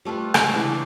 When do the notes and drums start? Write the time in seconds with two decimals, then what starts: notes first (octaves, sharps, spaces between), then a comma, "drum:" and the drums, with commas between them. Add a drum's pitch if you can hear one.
0.05 G3 A3 F4 B4
0.34 C#3 G#3 A3, drum: rim click
0.54 C#3 E3 D4